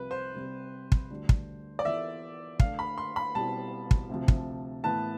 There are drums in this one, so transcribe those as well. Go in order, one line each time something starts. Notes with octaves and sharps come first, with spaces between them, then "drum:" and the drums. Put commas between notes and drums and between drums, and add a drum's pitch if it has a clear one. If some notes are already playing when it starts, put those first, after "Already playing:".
Already playing: C2 C3 F3 C4 B4
C5
C3 G3 C4 G4
drum: kick
D2 D3 G3 D4
drum: kick
D5
E3 B3 F4 A4 E5
D3 A3 D4 F5, drum: kick
B5
C6
B5
B2 G3 C4 E4 A5
drum: kick
D2 C3 F3
drum: kick
A2 E3 B3 E4 B4 A5